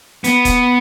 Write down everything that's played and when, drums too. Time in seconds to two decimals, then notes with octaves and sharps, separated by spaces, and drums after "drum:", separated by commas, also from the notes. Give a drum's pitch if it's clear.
0.24 B3, drum: hi-hat
0.45 drum: kick E1, hi-hat